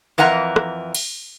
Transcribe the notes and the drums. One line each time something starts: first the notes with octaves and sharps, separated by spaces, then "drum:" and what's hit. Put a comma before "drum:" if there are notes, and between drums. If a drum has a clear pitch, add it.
F2 E3 A#4 F#5 A#5
drum: rim click
drum: cymbal